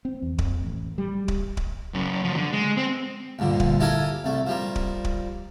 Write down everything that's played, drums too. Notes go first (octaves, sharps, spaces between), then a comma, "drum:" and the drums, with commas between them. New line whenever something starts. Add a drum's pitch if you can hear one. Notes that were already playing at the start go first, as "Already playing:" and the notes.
C4
E2
F2, drum: kick D1
A1
G3
drum: kick D1
drum: kick D1
F#2 C#3
F3 F#3
D3
G#3
C4
D2 G2 A#2 D3
drum: kick D1
E4 G4 A4 A#4 F5 G#5
C2 A3
F3 G3 A#3
drum: kick D1
drum: kick D1